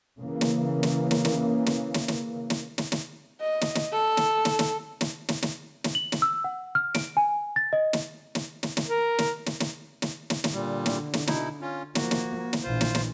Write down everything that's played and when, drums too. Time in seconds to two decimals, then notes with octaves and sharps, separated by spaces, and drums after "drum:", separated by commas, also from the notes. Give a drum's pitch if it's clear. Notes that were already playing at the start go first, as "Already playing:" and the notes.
0.20 C#3 E3 A#3
0.41 drum: snare
0.83 drum: snare
1.11 drum: snare
1.25 drum: snare
1.66 drum: snare
1.94 drum: snare
2.08 drum: snare
2.50 drum: snare
2.78 drum: snare
2.92 drum: snare
3.41 D#5
3.61 drum: snare
3.75 drum: snare
3.92 A4
4.17 drum: snare
4.45 drum: snare
4.59 drum: snare
5.01 drum: snare
5.29 drum: snare
5.42 drum: snare
5.84 drum: snare
5.95 F#7
6.12 drum: snare
6.22 E6
6.44 F#5
6.75 F6
6.95 D7, drum: snare
7.17 G#5
7.56 A6
7.73 D#5
7.93 drum: snare
8.35 drum: snare
8.63 drum: snare
8.77 drum: snare
8.87 A#4
9.19 drum: snare
9.46 drum: snare
9.60 drum: snare
10.02 drum: snare
10.30 drum: snare
10.44 drum: snare
10.53 A#2 D3 G3
10.86 drum: snare
11.14 drum: snare
11.27 B2 D#4 E4, drum: snare
11.61 C#4 F4
11.95 F3 A#3 F#4, drum: snare
12.11 drum: snare
12.53 drum: snare
12.63 A#1 E3 F4 C5
12.81 drum: snare
12.95 drum: snare